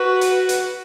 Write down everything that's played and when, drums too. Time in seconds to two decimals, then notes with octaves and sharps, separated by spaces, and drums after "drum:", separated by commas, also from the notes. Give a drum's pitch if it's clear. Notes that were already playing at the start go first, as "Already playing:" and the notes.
Already playing: F#4 B4
0.21 drum: hi-hat
0.49 drum: hi-hat